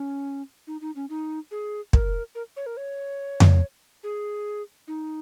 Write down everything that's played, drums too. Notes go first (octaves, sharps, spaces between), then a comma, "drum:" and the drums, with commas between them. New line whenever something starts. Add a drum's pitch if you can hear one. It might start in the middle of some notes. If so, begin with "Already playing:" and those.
Already playing: C#4
D#4
D#4
C#4
D#4
G#4
A#4, drum: kick
A#4
C#5
A#4
C#5
drum: tom F2
G#4
D#4